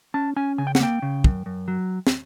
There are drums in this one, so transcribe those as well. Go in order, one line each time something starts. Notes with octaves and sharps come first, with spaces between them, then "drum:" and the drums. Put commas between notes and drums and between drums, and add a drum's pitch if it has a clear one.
C#4 A5
C#4 G#5
C#3 G#5
G5
F#5, drum: snare
A#3 G5
C#3
F#2, drum: kick
F#2
F#3
drum: snare